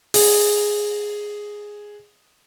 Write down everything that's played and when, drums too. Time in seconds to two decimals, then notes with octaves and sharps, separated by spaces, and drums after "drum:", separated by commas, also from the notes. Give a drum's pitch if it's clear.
0.14 G#4, drum: open hi-hat